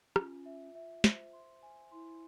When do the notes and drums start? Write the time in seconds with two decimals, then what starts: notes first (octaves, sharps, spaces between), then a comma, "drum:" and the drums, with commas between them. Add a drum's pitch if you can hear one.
0.16 C#4 F4, drum: rim click
0.46 E5
0.75 E5
1.04 C5, drum: snare
1.33 C6
1.63 G#5
1.92 E4 C6